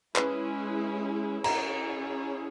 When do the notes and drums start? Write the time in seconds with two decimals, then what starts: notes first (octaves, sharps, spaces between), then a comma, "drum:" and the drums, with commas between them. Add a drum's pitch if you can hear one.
0.16 G#3 C#4 E4 G#4 B4, drum: clap
1.44 C#4 E4 G#4 C#5 A#5, drum: cymbal